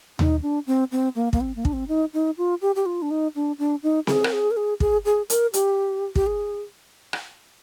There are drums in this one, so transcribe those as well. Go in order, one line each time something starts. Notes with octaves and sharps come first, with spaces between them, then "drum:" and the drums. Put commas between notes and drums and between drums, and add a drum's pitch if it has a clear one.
D#4, drum: tom D#2
D4
C4
C4
A#3
A#3, drum: kick
C4
A#3
D4, drum: kick
C4
D#4
D#4
F4
G4
G4
F4
D4
D#4
D4
D4
D#4
G#4, drum: snare
A#4, drum: rim click
G#4
A#4
G#4
G#4, drum: kick
G#4
A#4, drum: hi-hat
G4, drum: hi-hat
G4, drum: kick
G#4
drum: rim click